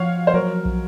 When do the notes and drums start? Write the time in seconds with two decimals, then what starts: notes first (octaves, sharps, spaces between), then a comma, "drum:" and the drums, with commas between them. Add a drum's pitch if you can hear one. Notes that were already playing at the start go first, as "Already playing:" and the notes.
Already playing: F3 C#5 F5 F#5
0.27 C5
0.34 F#3 A#4 C#5
0.65 drum: kick